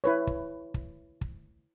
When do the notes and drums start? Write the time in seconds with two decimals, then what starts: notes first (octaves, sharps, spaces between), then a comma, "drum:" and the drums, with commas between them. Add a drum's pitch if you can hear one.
0.04 E4 B4 C#5
0.27 drum: kick
0.74 drum: kick
1.21 drum: kick